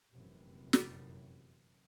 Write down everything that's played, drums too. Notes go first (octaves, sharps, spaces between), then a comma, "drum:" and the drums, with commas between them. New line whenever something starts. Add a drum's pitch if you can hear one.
F1 A#1 F#2 C3 E3
drum: snare